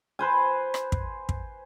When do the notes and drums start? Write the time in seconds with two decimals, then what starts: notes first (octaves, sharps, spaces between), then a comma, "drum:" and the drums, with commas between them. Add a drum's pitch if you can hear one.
0.19 B4 C5 G#5
0.74 drum: rim click
0.92 drum: kick
1.29 drum: kick